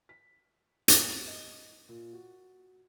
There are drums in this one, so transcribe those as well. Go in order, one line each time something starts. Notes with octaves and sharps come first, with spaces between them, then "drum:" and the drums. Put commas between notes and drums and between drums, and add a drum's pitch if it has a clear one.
B6
A#1, drum: hi-hat
A6
D#5
A#2
F#4